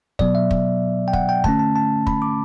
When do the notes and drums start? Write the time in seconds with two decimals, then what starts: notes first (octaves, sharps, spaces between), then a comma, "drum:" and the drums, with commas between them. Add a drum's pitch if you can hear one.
0.19 B2 F#3 B3 D5, drum: kick
0.35 E5
0.51 drum: kick
1.08 G5
1.13 F#5, drum: kick
1.29 G5
1.44 D3 A3 C#4 A5, drum: kick
1.59 A5
1.76 A5
2.07 B5, drum: kick
2.22 D6